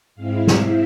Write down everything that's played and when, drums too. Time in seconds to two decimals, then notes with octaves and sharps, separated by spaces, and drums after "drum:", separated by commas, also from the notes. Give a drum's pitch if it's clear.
0.15 G#2 G#3 C4 E4 F5
0.47 E5, drum: snare